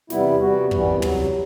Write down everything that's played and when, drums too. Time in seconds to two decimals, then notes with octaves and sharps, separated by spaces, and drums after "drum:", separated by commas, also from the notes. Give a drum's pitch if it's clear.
0.10 E2 C3 G3 B3 E4, drum: snare
0.41 C3 G3 B3 F#4
0.71 F#2 E3 G3 B3, drum: kick
1.02 E2 C3 F#3, drum: tom